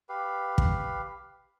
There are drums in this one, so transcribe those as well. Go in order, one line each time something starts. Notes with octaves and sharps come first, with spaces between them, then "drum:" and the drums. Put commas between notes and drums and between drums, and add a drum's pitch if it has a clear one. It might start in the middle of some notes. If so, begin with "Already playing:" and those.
G4 B4 F5
drum: kick